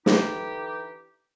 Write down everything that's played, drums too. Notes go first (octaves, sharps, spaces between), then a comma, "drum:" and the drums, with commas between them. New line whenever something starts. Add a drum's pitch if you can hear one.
D3 E3 D#4 G4, drum: snare